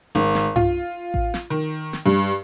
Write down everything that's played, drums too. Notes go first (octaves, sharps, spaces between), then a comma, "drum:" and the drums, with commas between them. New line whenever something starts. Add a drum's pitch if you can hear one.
G#1
drum: snare
F4, drum: tom G2
drum: kick A1
drum: snare
D#3
drum: snare
G2